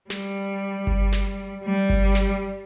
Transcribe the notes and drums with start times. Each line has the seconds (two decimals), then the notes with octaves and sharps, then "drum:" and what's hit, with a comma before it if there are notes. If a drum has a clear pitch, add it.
0.10 G3, drum: snare
0.87 drum: kick G1
1.13 drum: snare
1.64 G3
1.90 drum: kick G1
2.15 drum: snare